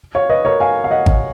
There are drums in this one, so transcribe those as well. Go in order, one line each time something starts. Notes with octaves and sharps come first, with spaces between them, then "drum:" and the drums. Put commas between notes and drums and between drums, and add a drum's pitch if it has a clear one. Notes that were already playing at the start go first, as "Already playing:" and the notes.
C#5 F5
B4 D#5
A#4 C#5
F5 G#5
F5
D#5 F#5
drum: kick G#1